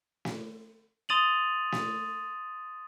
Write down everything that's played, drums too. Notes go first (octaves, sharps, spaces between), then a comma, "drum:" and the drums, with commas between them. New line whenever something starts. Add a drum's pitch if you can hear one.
drum: snare
C6 D#6 A6 D#7 F7 F#7
drum: snare